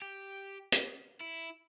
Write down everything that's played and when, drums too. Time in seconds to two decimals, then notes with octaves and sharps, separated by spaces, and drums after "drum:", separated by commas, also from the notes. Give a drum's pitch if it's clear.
0.02 G4
0.72 drum: hi-hat
1.20 E4